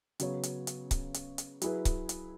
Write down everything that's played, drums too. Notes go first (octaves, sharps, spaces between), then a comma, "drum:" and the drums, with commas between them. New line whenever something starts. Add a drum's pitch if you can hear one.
C#3 F#3 B3 F#4 C#5, drum: hi-hat
drum: hi-hat
drum: hi-hat
drum: kick C#1, hi-hat
drum: hi-hat
drum: hi-hat
F#3 E4 G#4 B4, drum: hi-hat
drum: kick C#1, hi-hat
drum: hi-hat